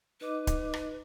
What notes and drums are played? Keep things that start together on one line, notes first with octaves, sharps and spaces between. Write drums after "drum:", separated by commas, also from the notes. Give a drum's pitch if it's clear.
D#4 B4 D#5 D6
drum: kick D1, hi-hat
drum: rim click